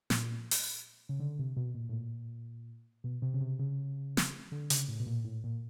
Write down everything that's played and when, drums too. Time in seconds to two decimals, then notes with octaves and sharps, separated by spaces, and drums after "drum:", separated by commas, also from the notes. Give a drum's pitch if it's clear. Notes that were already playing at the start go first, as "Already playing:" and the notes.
0.10 A#2, drum: snare
0.51 drum: open hi-hat
1.09 C#3
1.20 D3
1.39 C3
1.56 B2
1.75 A#2
1.89 A2
1.93 A#2
3.04 B2
3.22 C3
3.34 C#3
3.41 C3
3.59 C#3
4.17 drum: snare
4.52 D3
4.70 C#3, drum: hi-hat
4.88 A2
5.00 B2
5.06 A#2
5.24 A2
5.44 A#2